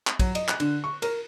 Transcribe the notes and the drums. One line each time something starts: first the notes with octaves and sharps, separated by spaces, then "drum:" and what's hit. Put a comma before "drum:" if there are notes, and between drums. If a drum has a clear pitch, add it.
drum: clap
F#3, drum: kick, cymbal
D#5, drum: cymbal
F#6, drum: clap
D3, drum: cymbal
C#6
A#4, drum: cymbal